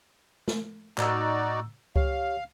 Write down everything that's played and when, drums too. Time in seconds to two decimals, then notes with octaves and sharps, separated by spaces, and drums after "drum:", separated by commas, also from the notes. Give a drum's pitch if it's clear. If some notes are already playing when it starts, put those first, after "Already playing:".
0.48 drum: snare
0.98 A2 D#4 F#4 D5 A#5 E6, drum: clap
1.96 G4 C#5 F5, drum: kick C#2